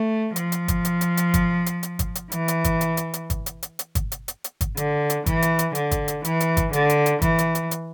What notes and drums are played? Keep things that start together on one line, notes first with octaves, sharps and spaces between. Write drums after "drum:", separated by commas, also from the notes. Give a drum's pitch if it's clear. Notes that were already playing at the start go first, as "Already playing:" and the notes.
Already playing: A3
F3, drum: hi-hat
drum: hi-hat
drum: kick, hi-hat
drum: hi-hat
drum: hi-hat
drum: hi-hat
drum: kick, hi-hat
drum: hi-hat
drum: hi-hat
drum: kick, hi-hat
drum: hi-hat
E3, drum: hi-hat
drum: hi-hat
drum: kick, hi-hat
drum: hi-hat
drum: hi-hat
drum: hi-hat
drum: kick, hi-hat
drum: hi-hat
drum: hi-hat
drum: hi-hat
drum: kick, hi-hat
drum: hi-hat
drum: hi-hat
drum: hi-hat
drum: kick, hi-hat
D3, drum: hi-hat
drum: hi-hat
E3, drum: kick, hi-hat
drum: hi-hat
drum: hi-hat
D3, drum: hi-hat
drum: kick, hi-hat
drum: hi-hat
E3, drum: hi-hat
drum: hi-hat
drum: kick, hi-hat
D3, drum: hi-hat
drum: hi-hat
drum: hi-hat
E3, drum: kick, hi-hat
drum: hi-hat
drum: hi-hat
drum: hi-hat